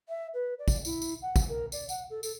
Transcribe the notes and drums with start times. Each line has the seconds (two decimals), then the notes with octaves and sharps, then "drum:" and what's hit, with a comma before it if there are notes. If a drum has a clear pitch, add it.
0.08 E5
0.34 B4
0.59 D5
0.68 drum: kick, tambourine
0.85 E4, drum: tambourine
1.02 drum: tambourine
1.22 F#5
1.36 drum: kick, tambourine
1.49 A#4
1.72 D5, drum: tambourine
1.89 F#5, drum: tambourine
2.10 A4
2.23 A4, drum: tambourine